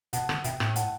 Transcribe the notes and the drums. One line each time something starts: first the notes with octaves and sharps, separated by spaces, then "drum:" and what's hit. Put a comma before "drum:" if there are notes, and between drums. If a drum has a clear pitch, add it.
B2 F#5 A5, drum: hi-hat
D3, drum: rim click
B2 E5 G5, drum: hi-hat
A2, drum: rim click
F#5 A5, drum: hi-hat